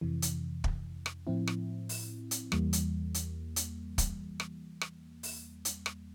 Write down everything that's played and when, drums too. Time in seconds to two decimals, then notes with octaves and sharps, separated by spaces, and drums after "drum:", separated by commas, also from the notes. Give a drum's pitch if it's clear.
0.01 F2 C3 E3
0.22 drum: hi-hat
0.64 drum: kick
1.06 drum: rim click
1.27 A2 F3 C4 E4
1.47 drum: rim click
1.89 drum: open hi-hat
2.31 drum: hi-hat
2.52 E2 E3 G3 A#3, drum: rim click
2.73 drum: hi-hat
3.14 drum: hi-hat
3.56 drum: hi-hat
3.98 drum: kick, hi-hat
4.40 drum: rim click
4.81 drum: rim click
5.23 drum: open hi-hat
5.65 drum: hi-hat
5.86 drum: rim click